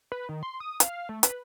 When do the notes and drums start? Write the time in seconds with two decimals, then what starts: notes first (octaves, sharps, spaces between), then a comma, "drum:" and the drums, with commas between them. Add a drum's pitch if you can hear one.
0.12 B4
0.29 D#3
0.43 C6
0.60 D#6
0.80 F5, drum: hi-hat
1.09 A3
1.23 B4, drum: hi-hat